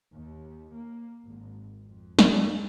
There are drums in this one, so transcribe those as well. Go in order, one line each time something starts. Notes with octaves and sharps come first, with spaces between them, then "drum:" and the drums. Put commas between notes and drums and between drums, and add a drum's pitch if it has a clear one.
D#2
A#3
G#1
F2
drum: snare